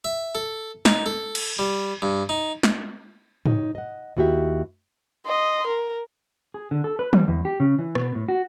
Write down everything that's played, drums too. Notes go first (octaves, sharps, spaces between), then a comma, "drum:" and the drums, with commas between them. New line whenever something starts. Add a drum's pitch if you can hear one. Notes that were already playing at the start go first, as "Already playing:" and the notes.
E5
A4
D#4, drum: snare
A4
drum: cymbal
G3
G2
D#4
drum: snare
D#4 C#5, drum: tom
D#5 F#5
D#2 E4 F#4 G4 E5
D#5 C6
A#4
G#4
D3
A4
B4
G3, drum: tom
E2
G4
C#3
E3
B2, drum: rim click
A2
F#4